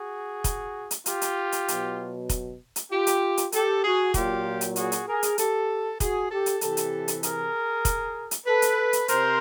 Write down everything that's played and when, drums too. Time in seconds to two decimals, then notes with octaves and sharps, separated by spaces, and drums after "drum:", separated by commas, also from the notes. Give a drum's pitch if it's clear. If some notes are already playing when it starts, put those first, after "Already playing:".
Already playing: F#4 G#4
0.44 drum: kick, hi-hat
0.91 drum: hi-hat
1.06 F4 G4, drum: hi-hat
1.21 drum: hi-hat
1.52 drum: hi-hat
1.68 B2 F#3, drum: hi-hat
2.29 drum: kick, hi-hat
2.76 drum: hi-hat
2.91 F4 G4
3.07 drum: hi-hat
3.37 drum: hi-hat
3.52 G4 A4, drum: hi-hat
3.84 F#4 G#4
4.14 A#2 F#3 F4 G4, drum: kick, hi-hat
4.61 drum: hi-hat
4.76 F#4 G#4, drum: hi-hat
4.92 drum: hi-hat
5.07 G#4 A#4
5.23 drum: hi-hat
5.38 G4 A4, drum: hi-hat
6.00 F#4 G#4, drum: kick, hi-hat
6.31 G4 A4
6.46 drum: hi-hat
6.61 C3 E3 G4 A4, drum: hi-hat
6.77 drum: hi-hat
7.08 drum: hi-hat
7.23 G#4 A#4, drum: hi-hat
7.85 drum: kick, hi-hat
8.31 drum: hi-hat
8.46 A4 B4
8.62 drum: hi-hat
8.93 drum: hi-hat
9.08 C3 A#4 C5, drum: hi-hat